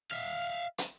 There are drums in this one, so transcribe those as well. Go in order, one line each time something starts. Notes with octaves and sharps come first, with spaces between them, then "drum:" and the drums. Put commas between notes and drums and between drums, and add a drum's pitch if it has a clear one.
E5 F5
drum: hi-hat